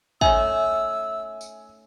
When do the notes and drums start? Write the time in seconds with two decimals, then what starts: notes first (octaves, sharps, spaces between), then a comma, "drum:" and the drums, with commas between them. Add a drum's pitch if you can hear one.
0.21 A3 C#4 D#4 E5 G#5 E6, drum: kick
1.41 drum: tambourine